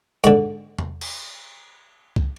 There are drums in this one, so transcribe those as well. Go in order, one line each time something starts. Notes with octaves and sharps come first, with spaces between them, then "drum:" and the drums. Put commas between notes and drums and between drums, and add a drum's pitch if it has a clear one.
G#2 D3, drum: hi-hat
drum: tom E2
drum: cymbal
drum: kick